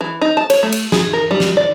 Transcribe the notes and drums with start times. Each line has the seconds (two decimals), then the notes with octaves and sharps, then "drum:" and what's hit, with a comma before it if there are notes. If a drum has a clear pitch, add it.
0.01 E3
0.21 D#4
0.37 A5
0.50 C#5, drum: cymbal
0.63 A3
0.72 drum: cymbal
0.92 G#4, drum: snare
1.13 A#4
1.31 G3
1.40 drum: snare
1.57 D5